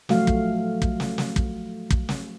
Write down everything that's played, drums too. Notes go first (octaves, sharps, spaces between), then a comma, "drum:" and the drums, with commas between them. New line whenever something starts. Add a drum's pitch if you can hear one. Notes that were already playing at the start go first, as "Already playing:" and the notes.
F3 F#3 A3 F#4 F5, drum: snare
drum: kick
drum: kick
drum: snare
drum: snare
drum: kick
drum: kick
drum: snare